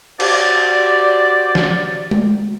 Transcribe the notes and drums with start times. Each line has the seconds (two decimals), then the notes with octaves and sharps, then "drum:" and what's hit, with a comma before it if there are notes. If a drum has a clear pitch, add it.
0.20 F#4 G4 C5 D5, drum: cymbal
1.55 drum: snare
2.11 drum: tom G#3